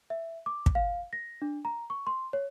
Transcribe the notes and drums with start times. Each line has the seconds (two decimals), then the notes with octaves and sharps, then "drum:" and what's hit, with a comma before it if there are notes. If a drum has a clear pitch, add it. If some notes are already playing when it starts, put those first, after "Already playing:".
0.10 E5
0.46 D6
0.66 drum: kick
0.75 F5
1.13 A#6
1.42 D4
1.65 A#5
1.90 C#6
2.07 C6
2.33 C#5